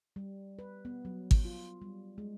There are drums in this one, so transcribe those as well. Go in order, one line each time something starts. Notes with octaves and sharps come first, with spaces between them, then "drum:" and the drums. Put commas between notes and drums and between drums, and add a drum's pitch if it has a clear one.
G3
B4
B3
F#3
drum: kick G#1
F4
G3
G#3